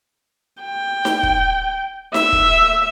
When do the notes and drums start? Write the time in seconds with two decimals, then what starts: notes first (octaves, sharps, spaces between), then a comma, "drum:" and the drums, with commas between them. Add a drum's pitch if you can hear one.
0.63 G5
1.05 drum: snare D#4
1.23 drum: kick
2.14 E5, drum: snare D#4
2.32 drum: kick